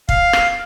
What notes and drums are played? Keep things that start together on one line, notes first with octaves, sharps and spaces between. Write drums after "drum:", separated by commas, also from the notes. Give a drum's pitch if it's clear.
F5, drum: kick
drum: rim click